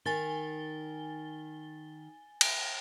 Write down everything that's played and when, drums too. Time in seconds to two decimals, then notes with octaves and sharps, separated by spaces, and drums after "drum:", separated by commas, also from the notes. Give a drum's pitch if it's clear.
0.05 D#3 G#5 A6 G7
2.41 drum: cymbal